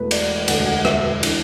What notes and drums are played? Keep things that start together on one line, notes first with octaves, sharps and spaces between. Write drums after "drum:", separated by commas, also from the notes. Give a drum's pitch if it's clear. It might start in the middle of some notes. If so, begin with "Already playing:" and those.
Already playing: E1 E2 E3 A3 B4
D5, drum: cymbal
E1 D2 D3 A3 F#5, drum: cymbal
F#5
E5, drum: rim click
E3 D4, drum: cymbal